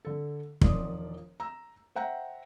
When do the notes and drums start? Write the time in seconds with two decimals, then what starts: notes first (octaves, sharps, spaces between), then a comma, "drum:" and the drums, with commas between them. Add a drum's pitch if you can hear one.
0.05 D3 A4
0.61 E1 D#3 F3 F4 D5 D#6, drum: kick
1.40 A#5 E6
1.96 C5 E5 F#5 G5 A#5